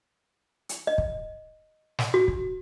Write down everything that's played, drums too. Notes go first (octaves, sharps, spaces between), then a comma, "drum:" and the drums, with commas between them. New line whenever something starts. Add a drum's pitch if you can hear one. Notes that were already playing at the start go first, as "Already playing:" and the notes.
drum: hi-hat
D#5
drum: kick
drum: snare
F#4
drum: kick